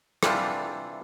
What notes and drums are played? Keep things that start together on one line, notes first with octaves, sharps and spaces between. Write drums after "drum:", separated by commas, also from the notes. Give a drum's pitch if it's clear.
C3 E3 G3 D4 F4, drum: rim click